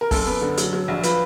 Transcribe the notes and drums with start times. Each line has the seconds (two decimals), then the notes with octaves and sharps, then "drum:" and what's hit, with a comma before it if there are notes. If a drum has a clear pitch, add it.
0.01 A#4
0.11 F#2 A4, drum: kick, open hi-hat
0.26 B3
0.41 D3
0.58 F#3, drum: hi-hat
0.73 F#3
0.88 A#1
1.04 F3 B4, drum: hi-hat